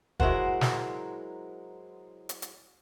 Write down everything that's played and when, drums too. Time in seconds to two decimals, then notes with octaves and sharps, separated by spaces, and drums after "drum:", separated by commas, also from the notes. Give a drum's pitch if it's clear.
0.20 F#3 G#3 E4 A#4 C5 F#5, drum: kick
0.61 drum: snare
2.29 drum: hi-hat
2.42 drum: hi-hat